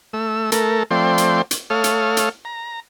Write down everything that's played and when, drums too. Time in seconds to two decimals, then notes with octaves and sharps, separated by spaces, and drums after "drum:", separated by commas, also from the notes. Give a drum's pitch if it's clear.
0.13 A3 E6
0.52 A3 A4 A#4, drum: hi-hat
0.91 F3 A3 C4 D5 G5 C6
1.18 drum: hi-hat
1.51 drum: hi-hat
1.70 A3 A4 C#5 F5 D#6 F6
1.84 drum: hi-hat
2.17 drum: hi-hat
2.45 A#5